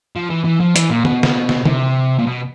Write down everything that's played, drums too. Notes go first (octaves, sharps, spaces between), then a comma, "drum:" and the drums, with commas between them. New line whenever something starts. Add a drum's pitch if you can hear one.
F3
E3
E3
F3
E3, drum: hi-hat
A#2
B2, drum: tom D3
drum: snare
drum: snare
C3, drum: tom D3
A#2
B2